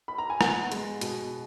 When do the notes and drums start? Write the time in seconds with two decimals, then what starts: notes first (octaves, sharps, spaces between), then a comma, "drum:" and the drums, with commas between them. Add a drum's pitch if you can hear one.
0.08 B5
0.18 A#5
0.30 G#5
0.41 B3 F#5, drum: rim click
0.72 G#3, drum: hi-hat
1.01 B2, drum: hi-hat